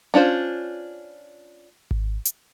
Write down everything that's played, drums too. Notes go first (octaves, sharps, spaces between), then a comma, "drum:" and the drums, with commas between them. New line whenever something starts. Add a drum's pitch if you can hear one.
C#4 D4 F4 C5
drum: kick G#1
drum: hi-hat